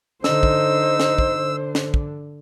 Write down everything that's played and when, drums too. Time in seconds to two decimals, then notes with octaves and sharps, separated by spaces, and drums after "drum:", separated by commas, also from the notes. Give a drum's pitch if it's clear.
0.24 D3 D#4 C5 E6, drum: snare
0.43 drum: kick
1.00 drum: snare
1.18 drum: kick
1.36 D3
1.75 drum: snare
1.94 drum: kick